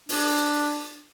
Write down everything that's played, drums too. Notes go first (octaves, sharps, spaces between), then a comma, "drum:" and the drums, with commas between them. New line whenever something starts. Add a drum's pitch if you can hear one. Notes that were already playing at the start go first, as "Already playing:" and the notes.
D4, drum: open hi-hat